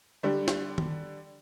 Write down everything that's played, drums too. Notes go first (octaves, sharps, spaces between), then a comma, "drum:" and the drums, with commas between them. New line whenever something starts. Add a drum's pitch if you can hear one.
D3 G3
drum: snare
drum: tom D#3